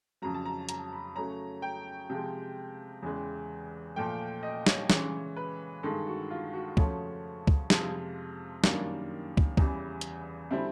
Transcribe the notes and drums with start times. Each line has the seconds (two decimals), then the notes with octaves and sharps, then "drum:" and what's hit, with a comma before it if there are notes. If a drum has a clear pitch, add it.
0.22 F2 C#3 F#3 A#5
0.34 A5
0.45 A#5
0.69 A#5, drum: hi-hat
0.93 B5
1.16 C#3 F#3 A3 C#4 A#5
1.62 G5
2.10 C3 F3 G#3
3.03 E2 C#3 E3 G#3
3.96 A#2 F3 A3 G5
4.43 D#5
4.67 C#5, drum: snare
4.90 C#3 E3 G#3 C#4 C#5, drum: snare
5.36 B4
5.83 G2 D#3 G#3 A4
6.07 F#4
6.30 F4
6.53 F#4
6.77 F2 C#3 F3 A3 C#4, drum: kick
7.47 drum: kick
7.70 F2 C3 F3 G#3 F4, drum: snare
8.64 F#2 D#3 G3 A#3 D4, drum: snare
9.37 drum: kick
9.57 E2 C#3 E3 G3, drum: kick
10.01 drum: hi-hat
10.51 D3 G3 C4 E4